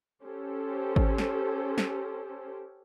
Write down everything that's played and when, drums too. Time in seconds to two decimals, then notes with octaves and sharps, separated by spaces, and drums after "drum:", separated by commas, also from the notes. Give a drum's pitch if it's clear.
0.24 C#4 G4 A4 C5
0.96 drum: kick G#1
1.18 drum: snare
1.78 drum: snare